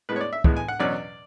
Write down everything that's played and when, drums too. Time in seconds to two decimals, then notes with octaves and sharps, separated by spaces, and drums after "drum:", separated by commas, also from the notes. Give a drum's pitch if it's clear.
0.09 A2 G#3 B3 B4
0.16 C#5
0.21 D5
0.33 E5
0.44 A2 G#3 B3, drum: kick
0.56 G#5
0.68 F#5
0.79 E2 B2 F#3 C#4 D5